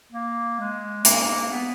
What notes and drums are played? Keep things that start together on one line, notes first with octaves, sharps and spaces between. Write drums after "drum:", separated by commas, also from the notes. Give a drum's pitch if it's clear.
A#3
G#3
A#3, drum: hi-hat
B3